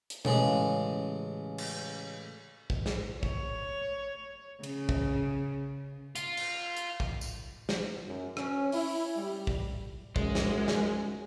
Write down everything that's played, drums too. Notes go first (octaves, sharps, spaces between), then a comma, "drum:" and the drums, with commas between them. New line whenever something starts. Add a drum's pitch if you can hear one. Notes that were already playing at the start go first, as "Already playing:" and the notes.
drum: hi-hat
A1 C#3 G#3, drum: tom B2
drum: cymbal
drum: kick
drum: snare
C#5, drum: kick
C#3, drum: cymbal
drum: kick
F4, drum: hi-hat
drum: cymbal
drum: hi-hat
drum: kick
drum: tambourine
drum: snare
F#2
C#4, drum: rim click
E4, drum: open hi-hat
G3
drum: kick
F#2 G#3, drum: kick
drum: snare
drum: snare